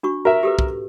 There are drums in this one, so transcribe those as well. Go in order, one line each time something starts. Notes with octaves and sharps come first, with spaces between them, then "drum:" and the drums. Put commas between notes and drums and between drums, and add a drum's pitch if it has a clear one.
D4 F#4 C#6
F#4 A#4 E5
G4 A4 B4
drum: kick